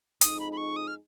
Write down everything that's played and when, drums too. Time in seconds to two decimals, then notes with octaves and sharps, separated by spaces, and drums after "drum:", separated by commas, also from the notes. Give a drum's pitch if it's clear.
0.21 F2 F3 G#3 D#4 G#4 D#6, drum: hi-hat
0.40 B5
0.52 B5
0.57 C#6
0.76 D#6
0.87 F6